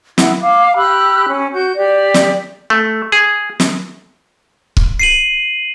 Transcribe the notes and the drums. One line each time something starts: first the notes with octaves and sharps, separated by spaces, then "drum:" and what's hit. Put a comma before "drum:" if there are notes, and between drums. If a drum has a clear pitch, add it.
E4 F#5, drum: snare
F5 D6
G4 B5 E6 F#6
C#4
F#4 G6
G4 D5
drum: snare
A3
G#4
drum: snare
drum: kick
C7 D#7 F#7